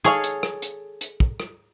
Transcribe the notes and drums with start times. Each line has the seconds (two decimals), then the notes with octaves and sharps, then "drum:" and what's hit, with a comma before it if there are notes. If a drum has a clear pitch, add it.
0.04 G#4 A4 C#5 F5
0.24 drum: hi-hat
0.43 drum: rim click
0.62 drum: hi-hat
1.01 drum: hi-hat
1.20 drum: kick
1.40 drum: rim click